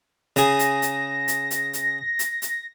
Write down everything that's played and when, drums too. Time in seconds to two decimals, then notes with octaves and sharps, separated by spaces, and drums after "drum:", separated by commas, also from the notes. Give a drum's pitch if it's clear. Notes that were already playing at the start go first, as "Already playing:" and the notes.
0.36 C#3 G#4 A#6, drum: hi-hat
0.59 drum: hi-hat
0.82 drum: hi-hat
1.28 drum: hi-hat
1.51 drum: hi-hat
1.73 drum: hi-hat
2.19 drum: hi-hat
2.42 drum: hi-hat